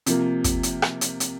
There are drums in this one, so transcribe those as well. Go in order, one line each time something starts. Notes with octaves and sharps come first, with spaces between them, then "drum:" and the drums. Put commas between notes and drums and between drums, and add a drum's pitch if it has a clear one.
C3 F3 A#3, drum: hi-hat
drum: kick, hi-hat
drum: hi-hat
drum: rim click
drum: hi-hat
drum: hi-hat